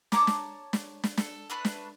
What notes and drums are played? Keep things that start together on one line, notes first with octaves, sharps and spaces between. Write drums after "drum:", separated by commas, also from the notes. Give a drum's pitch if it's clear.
C#5 A5 A#5 D6, drum: snare
drum: snare
drum: snare
drum: snare
A4, drum: snare
A3 D4 B4
drum: snare